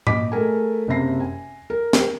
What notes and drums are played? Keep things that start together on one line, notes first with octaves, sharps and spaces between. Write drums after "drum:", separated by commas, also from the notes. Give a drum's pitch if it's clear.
A#2 D#5 D6 B6, drum: tom G#2
A3 G#4 A#4 G#5
F#1 C3 E5 A#6 C7
G#5
A#4
drum: snare